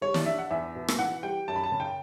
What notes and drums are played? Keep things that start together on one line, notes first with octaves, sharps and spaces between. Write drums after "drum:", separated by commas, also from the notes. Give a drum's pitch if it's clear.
G3 C#5
D5, drum: snare
D4 E5
F#5
E2 E5
B2
drum: rim click
E3 F#5
G3 G5
F#2 A5
B5
A5
C#3
G5